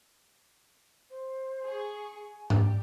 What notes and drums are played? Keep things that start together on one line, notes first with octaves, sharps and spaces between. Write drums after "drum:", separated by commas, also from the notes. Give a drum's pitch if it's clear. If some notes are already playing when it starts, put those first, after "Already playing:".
C5
G#4 C#6
G#5
G4 D5, drum: tom G#2